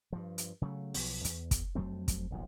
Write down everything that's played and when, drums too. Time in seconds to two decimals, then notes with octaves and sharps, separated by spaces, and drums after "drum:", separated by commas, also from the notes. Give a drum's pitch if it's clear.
0.13 G2 F3
0.38 drum: hi-hat
0.62 C#3 F#3 A3
0.94 B1 F3 B3, drum: open hi-hat
1.24 E2, drum: hi-hat
1.51 drum: kick, hi-hat
1.75 F2 F#3 A3 C4
2.08 drum: kick, hi-hat
2.30 D#1 B1 G#2 F3